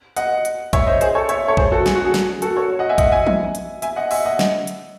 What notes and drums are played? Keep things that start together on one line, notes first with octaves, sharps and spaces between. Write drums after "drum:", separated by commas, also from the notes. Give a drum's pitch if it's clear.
D#5 F#5, drum: hi-hat
drum: hi-hat
C#5 E5, drum: kick, hi-hat
C5 D#5
G#4 C5, drum: hi-hat
A4 C#5
C#5 E5, drum: hi-hat
A4 C#5
G#4 C5, drum: kick
F#4 A4
G#4, drum: snare
F#4
G#4
drum: snare
F#4 A4, drum: hi-hat
A4 C#5
D#5 F#5
E5 G#5
D#5 F#5, drum: kick, hi-hat
E5 G#5
drum: tom E3
drum: hi-hat
E5 G#5, drum: hi-hat
D#5 F#5
E5 G#5, drum: open hi-hat
D#5 F#5
drum: snare
drum: hi-hat